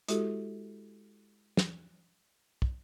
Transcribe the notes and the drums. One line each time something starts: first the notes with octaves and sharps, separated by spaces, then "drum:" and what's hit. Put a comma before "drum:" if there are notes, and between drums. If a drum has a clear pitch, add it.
G#3 E4 F#4 G4 A4, drum: hi-hat
drum: snare
drum: kick